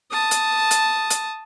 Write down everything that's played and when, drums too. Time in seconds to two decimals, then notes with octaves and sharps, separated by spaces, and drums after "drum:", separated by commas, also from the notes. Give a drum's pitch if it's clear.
0.11 A5 D#6
0.31 drum: hi-hat
0.71 drum: hi-hat
1.10 drum: hi-hat